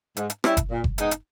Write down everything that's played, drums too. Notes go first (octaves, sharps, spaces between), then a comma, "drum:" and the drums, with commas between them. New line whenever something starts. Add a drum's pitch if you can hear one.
G#2, drum: hi-hat
drum: hi-hat
G3 C#4 E4, drum: rim click
drum: kick F#1, hi-hat
A#2
drum: kick F#1
G#3 B3 D#4, drum: hi-hat
drum: hi-hat